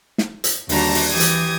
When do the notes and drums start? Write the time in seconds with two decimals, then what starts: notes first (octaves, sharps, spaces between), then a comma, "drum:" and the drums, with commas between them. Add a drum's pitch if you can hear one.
0.18 drum: snare
0.44 drum: hi-hat
0.69 D#2 D3 G3 F#4 A5 A#5, drum: open hi-hat
0.94 drum: open hi-hat
1.09 E3 G4 D#6 G#6
1.20 drum: hi-hat